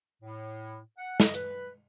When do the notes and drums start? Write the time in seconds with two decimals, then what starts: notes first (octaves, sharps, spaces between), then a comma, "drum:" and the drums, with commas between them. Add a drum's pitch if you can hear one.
0.23 A2
0.98 F#5
1.20 D#5, drum: snare
1.34 B4, drum: hi-hat